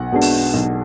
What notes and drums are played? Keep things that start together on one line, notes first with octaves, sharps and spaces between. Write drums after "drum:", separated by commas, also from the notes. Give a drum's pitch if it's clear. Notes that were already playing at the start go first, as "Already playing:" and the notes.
Already playing: B1 F#5
B2 G#3 D4
drum: open hi-hat
B1